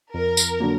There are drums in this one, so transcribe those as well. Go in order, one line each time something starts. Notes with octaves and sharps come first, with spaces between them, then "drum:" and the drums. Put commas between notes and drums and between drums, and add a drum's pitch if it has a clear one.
F2 A#4
drum: tambourine
D3 F#3 A#3